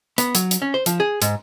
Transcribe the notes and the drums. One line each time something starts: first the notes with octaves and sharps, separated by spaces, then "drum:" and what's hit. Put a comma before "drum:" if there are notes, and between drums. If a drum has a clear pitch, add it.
B3, drum: hi-hat
F#3, drum: hi-hat
drum: hi-hat
C#4
C5
F3, drum: hi-hat
G#4
G#2, drum: hi-hat